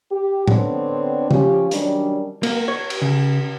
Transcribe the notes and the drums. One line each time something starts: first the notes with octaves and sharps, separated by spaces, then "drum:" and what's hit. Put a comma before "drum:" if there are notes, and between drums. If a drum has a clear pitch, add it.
G4
D3 B3 C4 D4 C#5 D5, drum: tom A2
F3 C#4 G4, drum: tom
D#3 F#3 G3 C#4 D4, drum: hi-hat
A#3, drum: cymbal
C#5
drum: cymbal
C#3